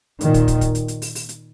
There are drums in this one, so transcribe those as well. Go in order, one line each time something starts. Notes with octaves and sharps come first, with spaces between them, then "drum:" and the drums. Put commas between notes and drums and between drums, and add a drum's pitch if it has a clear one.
A#2 D#3, drum: hi-hat
drum: kick, hi-hat
drum: kick, hi-hat
drum: kick, hi-hat
drum: hi-hat
drum: hi-hat
drum: open hi-hat
drum: open hi-hat
drum: hi-hat